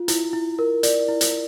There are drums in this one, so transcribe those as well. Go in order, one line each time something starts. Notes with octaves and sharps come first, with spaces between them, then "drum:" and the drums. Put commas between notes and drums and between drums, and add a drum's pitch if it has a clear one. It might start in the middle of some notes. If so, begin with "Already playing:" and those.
Already playing: F4
E4, drum: hi-hat
E4
A#4
D5, drum: hi-hat
E4
drum: hi-hat